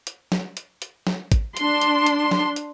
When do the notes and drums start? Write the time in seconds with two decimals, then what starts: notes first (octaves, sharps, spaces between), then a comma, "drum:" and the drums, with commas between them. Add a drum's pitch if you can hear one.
0.07 drum: hi-hat
0.32 drum: snare
0.57 drum: hi-hat
0.82 drum: hi-hat
1.07 drum: snare
1.32 drum: kick A1, hi-hat
1.57 D4 C6, drum: hi-hat
1.82 drum: hi-hat
2.06 drum: hi-hat
2.31 drum: snare
2.56 drum: hi-hat